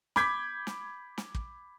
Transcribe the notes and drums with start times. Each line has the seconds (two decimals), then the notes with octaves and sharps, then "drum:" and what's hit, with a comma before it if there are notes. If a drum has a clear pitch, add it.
0.16 B5 D6 G6 G#6 B6, drum: snare
0.67 drum: snare
1.18 drum: snare
1.35 drum: kick